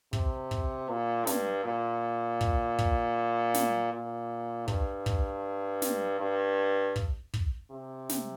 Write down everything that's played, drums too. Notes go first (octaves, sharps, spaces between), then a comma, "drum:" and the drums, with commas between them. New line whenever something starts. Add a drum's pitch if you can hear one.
C3, drum: kick
drum: kick
A#2
G2, drum: snare
A#2
drum: kick
drum: kick
drum: snare
A#2
G2, drum: kick
drum: kick
drum: snare
G2
drum: kick
drum: kick
C3
drum: snare